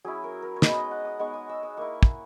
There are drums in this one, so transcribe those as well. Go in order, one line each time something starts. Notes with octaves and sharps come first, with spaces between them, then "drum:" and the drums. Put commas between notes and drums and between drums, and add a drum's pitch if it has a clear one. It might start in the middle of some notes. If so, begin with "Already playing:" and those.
F#3 C#4 E4 G#4
A#4
A#4
C#5
G#3 B3 D#4 B4, drum: snare
D#5
F#5
D#6
G#3 B3 D#4 C#6
D#6
E6
D#6
A#3 E4 C#6
drum: kick